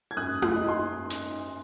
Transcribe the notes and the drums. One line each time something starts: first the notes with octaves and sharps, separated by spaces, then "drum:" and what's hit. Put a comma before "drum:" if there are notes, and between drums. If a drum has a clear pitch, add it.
G#6
F#2 D#6 F#6
D#6 F#6, drum: tom E4
D#4
C6 D#6
drum: hi-hat